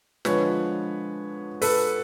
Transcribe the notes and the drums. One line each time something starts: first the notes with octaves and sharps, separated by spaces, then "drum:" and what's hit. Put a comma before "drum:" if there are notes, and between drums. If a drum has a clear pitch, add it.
D3 F3 G#3 B4 C#5, drum: snare
A4 B4, drum: open hi-hat